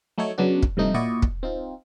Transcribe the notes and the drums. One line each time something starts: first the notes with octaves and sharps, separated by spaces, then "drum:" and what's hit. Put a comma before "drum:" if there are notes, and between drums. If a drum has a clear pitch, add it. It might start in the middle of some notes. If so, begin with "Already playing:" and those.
F#3 A3 D#4 A4 C#5
C#3 F#3 B3 D4 F#4
drum: kick
G2 C3 F3 A3 D#4
A#2 E4 F#4 D5 D#5 C#6
drum: kick
C4 D#4 F4